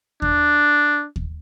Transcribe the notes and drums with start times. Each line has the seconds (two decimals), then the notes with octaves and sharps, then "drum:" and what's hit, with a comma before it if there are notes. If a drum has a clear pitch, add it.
0.22 D4, drum: kick D#2
1.16 drum: kick D#2